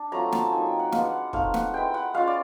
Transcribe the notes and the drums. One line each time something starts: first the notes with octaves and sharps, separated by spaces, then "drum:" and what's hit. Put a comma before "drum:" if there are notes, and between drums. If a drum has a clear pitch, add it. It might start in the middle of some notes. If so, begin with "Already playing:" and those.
Already playing: D4
F#3 A3 C4 F4 A#5
A5, drum: snare
F#3 A#3 D#4 G#5
G5
F#5
G#3 B3 D4 F5, drum: snare
F#5
A3 C4 D#4 F5, drum: kick
F#5, drum: snare
G#3 B3 E4 G5
F#5
G#3 C#4 F4 F5
D5